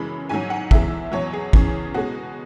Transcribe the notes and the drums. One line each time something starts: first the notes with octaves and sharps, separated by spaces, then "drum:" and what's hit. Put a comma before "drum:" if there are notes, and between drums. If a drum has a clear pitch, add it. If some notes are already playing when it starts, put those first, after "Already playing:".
Already playing: F#2 C#3 E3 G#3 B5
G#2 F#3 G#5
F#5
E2 E3 G#3 E5, drum: kick
E2 B2 F#3 C#5
G#4
E2 C#3 E3 G#4, drum: kick
B2 G#3 F#4